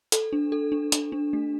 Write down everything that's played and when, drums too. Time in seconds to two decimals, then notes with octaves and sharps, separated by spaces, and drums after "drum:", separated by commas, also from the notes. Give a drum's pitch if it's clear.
0.12 A4, drum: hi-hat
0.33 D4
0.52 A4
0.72 D4
0.92 D4, drum: hi-hat
1.12 D4
1.33 A3